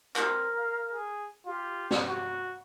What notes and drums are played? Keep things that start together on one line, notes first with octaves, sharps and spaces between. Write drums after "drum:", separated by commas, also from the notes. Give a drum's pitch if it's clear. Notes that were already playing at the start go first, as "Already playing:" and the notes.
C4 A#4, drum: clap
F5
G#4
F4 G4
drum: snare
F#4